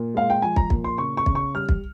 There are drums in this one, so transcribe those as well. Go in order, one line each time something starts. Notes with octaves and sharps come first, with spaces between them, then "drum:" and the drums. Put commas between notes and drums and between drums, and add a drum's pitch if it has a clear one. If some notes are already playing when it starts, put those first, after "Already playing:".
Already playing: A#2
G#3 F5
G5
F3 G#5
A#5, drum: kick
A#2, drum: kick
C6
C#3 C#6
C#6
C#3, drum: kick
C#6
G3 F6
drum: kick